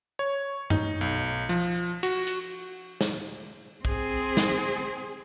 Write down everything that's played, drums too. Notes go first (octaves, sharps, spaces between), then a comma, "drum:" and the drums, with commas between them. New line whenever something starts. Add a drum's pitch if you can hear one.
C#5
D#4, drum: tom F#2
B1
F3
F#4, drum: cymbal
drum: hi-hat
drum: snare
C4 G#4, drum: kick
drum: snare